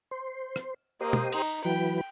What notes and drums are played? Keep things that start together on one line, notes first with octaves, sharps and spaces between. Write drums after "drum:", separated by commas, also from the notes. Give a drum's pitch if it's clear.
C5
drum: rim click
A#3 G4 C5 D#5
drum: tom
D#4, drum: cymbal
E3 F#3 B4 G5